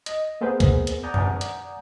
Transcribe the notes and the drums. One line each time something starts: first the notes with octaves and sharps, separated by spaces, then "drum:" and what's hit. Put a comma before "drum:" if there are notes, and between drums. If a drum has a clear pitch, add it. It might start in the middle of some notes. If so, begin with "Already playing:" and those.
D#5, drum: hi-hat
A#3 B3 G#4 A#4 C5
drum: kick C#2, hi-hat
drum: hi-hat
D5 F#5 G#5 A#5 D#6 G6
drum: tom F#2
drum: hi-hat